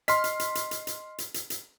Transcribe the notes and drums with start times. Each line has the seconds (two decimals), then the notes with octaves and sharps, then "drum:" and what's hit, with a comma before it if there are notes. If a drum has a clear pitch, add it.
0.08 D#5 C6 F6 B6, drum: hi-hat
0.24 drum: hi-hat
0.40 drum: hi-hat
0.55 drum: hi-hat
0.71 drum: hi-hat
0.87 drum: hi-hat
1.18 drum: hi-hat
1.34 drum: hi-hat
1.50 drum: hi-hat